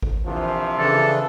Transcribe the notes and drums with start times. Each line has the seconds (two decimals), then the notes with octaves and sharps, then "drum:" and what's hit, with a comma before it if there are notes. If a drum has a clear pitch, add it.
0.03 drum: kick G#1
0.24 A#1 C3 E3 F3
0.78 C#3 E3 D4 A4